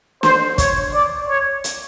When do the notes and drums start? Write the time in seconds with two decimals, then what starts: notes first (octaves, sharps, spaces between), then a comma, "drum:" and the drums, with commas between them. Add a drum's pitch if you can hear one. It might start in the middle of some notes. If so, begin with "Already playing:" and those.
0.23 C5, drum: snare
0.58 C#5, drum: kick, hi-hat
0.93 D5
1.28 C#5
1.64 drum: hi-hat